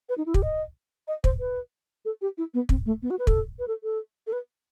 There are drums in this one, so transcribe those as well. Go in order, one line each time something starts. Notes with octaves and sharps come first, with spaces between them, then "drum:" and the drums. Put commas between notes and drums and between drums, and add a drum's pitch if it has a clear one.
B4
D#4
E4
G4, drum: kick
D#5
D#5
C5, drum: kick
B4
A4
G4
E4
B3
C4, drum: kick
A3
B3
F#4
B4
A4, drum: kick
B4
A4
A4
A4
B4